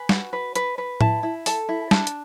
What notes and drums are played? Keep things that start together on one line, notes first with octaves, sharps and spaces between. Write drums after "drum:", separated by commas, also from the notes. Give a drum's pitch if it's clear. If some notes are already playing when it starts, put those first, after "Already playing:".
Already playing: B4 G#5
F#4, drum: snare
B4
B4, drum: hi-hat
B4
E4 A5, drum: tom A2
E4
A4 A5, drum: open hi-hat
E4
D4 A5, drum: snare
drum: hi-hat